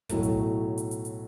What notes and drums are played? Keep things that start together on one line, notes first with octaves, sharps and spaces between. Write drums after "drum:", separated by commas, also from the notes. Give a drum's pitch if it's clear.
B1 A2 F#3 A3, drum: kick, hi-hat
drum: hi-hat
drum: hi-hat
drum: hi-hat
drum: hi-hat